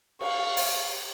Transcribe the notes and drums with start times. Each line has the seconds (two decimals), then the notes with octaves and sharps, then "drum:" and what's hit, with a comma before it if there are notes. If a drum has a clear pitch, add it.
0.21 F5 C#6, drum: cymbal
0.57 drum: open hi-hat